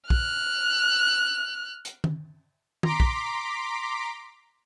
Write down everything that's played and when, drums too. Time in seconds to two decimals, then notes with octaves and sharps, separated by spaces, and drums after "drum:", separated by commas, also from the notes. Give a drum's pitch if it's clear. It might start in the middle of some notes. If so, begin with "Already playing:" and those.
0.10 F6 F#6, drum: kick
1.85 drum: hi-hat
2.04 drum: tom D#3
2.83 A#5 C6 D6 B6 D7, drum: tom D#3
3.00 drum: kick